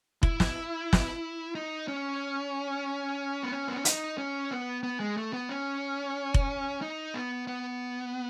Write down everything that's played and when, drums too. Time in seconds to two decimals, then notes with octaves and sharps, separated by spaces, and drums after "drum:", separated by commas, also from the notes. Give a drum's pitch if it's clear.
0.23 E4, drum: kick F1
0.40 drum: snare
0.93 drum: snare
1.55 D#4
1.88 C#4
3.43 B3
3.52 C#4
3.68 B3
3.76 C#4
3.85 D#4, drum: hi-hat
4.18 C#4
4.51 B3
4.83 B3
5.00 G#3
5.17 A3
5.33 B3
5.49 C#4
6.34 drum: kick F1
6.82 D#4
7.14 B3
7.47 B3